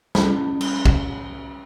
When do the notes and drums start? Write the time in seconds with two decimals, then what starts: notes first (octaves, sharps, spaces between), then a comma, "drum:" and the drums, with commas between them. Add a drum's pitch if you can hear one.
0.15 C#4 B5, drum: snare
0.61 drum: cymbal
0.85 drum: kick